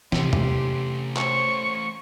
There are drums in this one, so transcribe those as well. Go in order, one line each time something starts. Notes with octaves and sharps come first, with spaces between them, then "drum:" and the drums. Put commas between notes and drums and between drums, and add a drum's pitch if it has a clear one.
C3 A3 C#4 G4 C6, drum: snare
drum: tom E2
C5 C#5 C#6, drum: clap